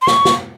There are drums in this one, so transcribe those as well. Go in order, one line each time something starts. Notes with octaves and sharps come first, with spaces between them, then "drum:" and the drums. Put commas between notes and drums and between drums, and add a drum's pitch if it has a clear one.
C6
C#6, drum: snare
drum: snare